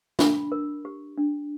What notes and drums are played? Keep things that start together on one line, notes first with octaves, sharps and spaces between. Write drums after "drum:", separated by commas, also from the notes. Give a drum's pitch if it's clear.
D4 B5, drum: snare
A#4
G4
D4